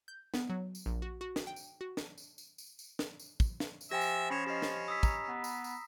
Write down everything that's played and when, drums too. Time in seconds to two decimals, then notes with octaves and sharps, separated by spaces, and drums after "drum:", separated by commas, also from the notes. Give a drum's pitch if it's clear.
0.08 G6
0.34 B3, drum: snare
0.50 F#3
0.75 drum: tambourine
0.86 A#1
1.02 F#4
1.21 F#4
1.36 drum: snare
1.47 G5
1.56 drum: tambourine
1.81 F#4
1.97 drum: snare
2.18 drum: tambourine
2.38 drum: tambourine
2.58 drum: tambourine
2.79 drum: tambourine
2.99 drum: snare
3.20 drum: tambourine
3.40 drum: kick, tambourine
3.60 drum: snare
3.81 drum: tambourine
3.91 F3 G4 E5 G5 G#5 A#6
4.01 drum: tambourine
4.30 C#4 C#5 B5 C7 E7
4.46 C#4 G4 D#5
4.62 drum: snare
4.88 D#6 E6 B6
5.03 A#5, drum: kick, tambourine
5.28 B3
5.44 drum: tambourine
5.64 drum: tambourine